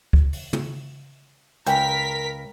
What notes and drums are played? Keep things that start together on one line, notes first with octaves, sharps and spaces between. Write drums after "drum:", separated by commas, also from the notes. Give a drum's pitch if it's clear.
drum: kick
drum: open hi-hat
drum: tom
C#2 A#4 C#5 G5 G#5 B6, drum: hi-hat